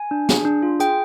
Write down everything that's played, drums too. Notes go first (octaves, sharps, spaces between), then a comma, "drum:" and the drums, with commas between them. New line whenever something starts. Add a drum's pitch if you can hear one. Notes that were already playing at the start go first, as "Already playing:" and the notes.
Already playing: G#5
D4
G#4, drum: snare
D4
F4
G#4 G5, drum: hi-hat